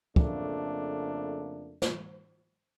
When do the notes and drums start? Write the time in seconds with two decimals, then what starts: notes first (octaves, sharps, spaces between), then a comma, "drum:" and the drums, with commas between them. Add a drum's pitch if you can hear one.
0.16 F2 C#3 A3 A#3 D4, drum: kick
1.82 drum: snare